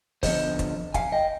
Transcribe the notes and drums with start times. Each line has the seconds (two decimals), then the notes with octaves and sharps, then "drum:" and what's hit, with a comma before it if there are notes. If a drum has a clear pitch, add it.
0.23 D3 F3 B3 C5 D#5, drum: kick, open hi-hat
0.59 drum: kick, hi-hat
0.94 F5 G#5, drum: kick, hi-hat
1.12 D#5 G5